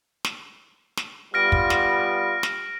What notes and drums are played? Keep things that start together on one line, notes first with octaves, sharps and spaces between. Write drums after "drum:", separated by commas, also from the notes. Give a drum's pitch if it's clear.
drum: snare
drum: snare
G3 B3 F4 F6 A#6 D7
drum: kick
drum: snare
drum: snare